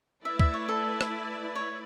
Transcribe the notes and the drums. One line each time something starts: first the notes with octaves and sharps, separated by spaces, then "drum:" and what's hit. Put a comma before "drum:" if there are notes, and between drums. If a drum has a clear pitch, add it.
A3 E4 B4 D5 E5
E5, drum: kick
C#5
A4
drum: rim click
C#5